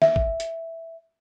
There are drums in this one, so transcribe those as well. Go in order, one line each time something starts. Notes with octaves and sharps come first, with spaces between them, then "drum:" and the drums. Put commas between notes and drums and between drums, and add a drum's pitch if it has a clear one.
E5, drum: snare
drum: kick
drum: hi-hat